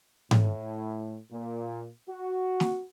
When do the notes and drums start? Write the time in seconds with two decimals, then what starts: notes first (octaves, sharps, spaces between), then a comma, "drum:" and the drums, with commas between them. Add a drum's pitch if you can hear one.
0.31 A2, drum: tom G#2
1.32 A#2
2.09 F#4
2.60 drum: snare